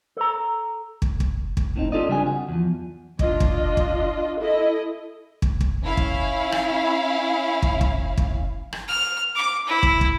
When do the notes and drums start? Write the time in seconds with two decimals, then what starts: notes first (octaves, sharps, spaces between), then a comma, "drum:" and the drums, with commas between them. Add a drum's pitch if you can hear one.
0.17 A4 A#5
1.02 drum: kick
1.20 drum: kick
1.57 drum: kick
1.76 A2 C4 D#4
1.92 C#4 F4 A4 D5 D#5
2.09 C#3 G3 C4 D4 D#5 G#5
2.26 F#4
2.49 E2 F3
3.19 D4 F4 D#5, drum: kick
3.40 drum: kick
3.77 drum: kick
4.39 E4 A4 D#5
5.42 drum: kick
5.61 drum: kick
5.83 C#4 E4 F5
5.97 drum: kick
6.52 drum: rim click
7.62 drum: kick
7.81 drum: kick
8.18 drum: kick
8.73 drum: rim click
8.88 F6
9.35 D6
9.67 E4
9.83 drum: kick
10.01 drum: kick